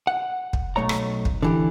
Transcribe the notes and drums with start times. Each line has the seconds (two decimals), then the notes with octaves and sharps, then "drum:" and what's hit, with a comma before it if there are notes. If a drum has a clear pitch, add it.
0.07 F#5
0.53 drum: kick
0.76 B1 A3 C#5 A#5
0.89 drum: rim click
1.25 drum: kick
1.42 D3 E3 G4